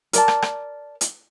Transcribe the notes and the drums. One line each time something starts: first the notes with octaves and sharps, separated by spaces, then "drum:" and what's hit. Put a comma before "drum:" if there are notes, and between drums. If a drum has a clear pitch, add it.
A#4 D5 A5, drum: hi-hat
drum: rim click
drum: rim click
drum: hi-hat